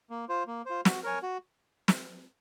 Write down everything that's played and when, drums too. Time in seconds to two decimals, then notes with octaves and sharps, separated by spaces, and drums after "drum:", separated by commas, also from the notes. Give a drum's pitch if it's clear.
0.10 A#3
0.29 F4 C5
0.47 A#3
0.66 F4 C5
0.85 F#4, drum: snare
1.04 A#4 C#5 G#5
1.23 F#4
1.88 drum: snare